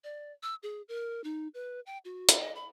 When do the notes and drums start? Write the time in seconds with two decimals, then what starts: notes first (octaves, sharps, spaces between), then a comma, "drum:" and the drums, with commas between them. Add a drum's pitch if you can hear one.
0.04 D5
0.43 E6
0.63 G#4
0.88 A#4
1.24 D#4
1.54 B4
1.86 G5
2.05 F#4
2.29 drum: hi-hat
2.40 D#5
2.55 B5